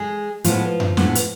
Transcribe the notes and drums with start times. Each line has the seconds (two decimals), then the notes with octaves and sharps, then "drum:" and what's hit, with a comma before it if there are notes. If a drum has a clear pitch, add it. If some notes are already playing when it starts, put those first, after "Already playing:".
Already playing: G#3 G#4
0.44 A2 F3 G#3 B3 F4, drum: hi-hat
0.80 drum: tom F#2
0.97 A2 G#3 B3, drum: snare
1.15 drum: hi-hat